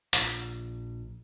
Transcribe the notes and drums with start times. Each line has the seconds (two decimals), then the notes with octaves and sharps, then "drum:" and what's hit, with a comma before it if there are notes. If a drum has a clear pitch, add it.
0.13 A#1, drum: hi-hat